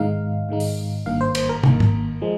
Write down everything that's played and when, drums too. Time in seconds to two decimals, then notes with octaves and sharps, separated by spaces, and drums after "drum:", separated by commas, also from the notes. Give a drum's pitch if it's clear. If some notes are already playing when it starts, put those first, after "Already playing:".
Already playing: G#2 D#3 G#3 D#4 F5
0.49 G#2 D#3 G#3 D#4
0.60 drum: open hi-hat
1.06 G#1 G2 D#3 A#3 F5
1.21 C5
1.35 C5, drum: cymbal
1.49 A#4
1.63 G#1 G2 D#3 A#3, drum: tom
1.80 drum: tom
2.22 F3 G#3